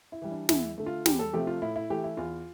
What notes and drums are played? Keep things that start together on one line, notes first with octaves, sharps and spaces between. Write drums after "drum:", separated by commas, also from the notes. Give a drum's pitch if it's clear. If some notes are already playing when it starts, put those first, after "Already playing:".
E4
E3 G3
D4
E2 E4, drum: snare
D3 A3
F4
E2 G4, drum: snare
A4
C3 F3 A3 G4
F4
A2 E4
E4
E3 A3 G4
E4
E2 F4